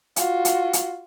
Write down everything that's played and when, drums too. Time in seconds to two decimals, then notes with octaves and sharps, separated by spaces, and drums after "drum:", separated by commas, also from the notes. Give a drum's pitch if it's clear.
0.16 F4 F#4, drum: hi-hat
0.45 drum: hi-hat
0.73 drum: hi-hat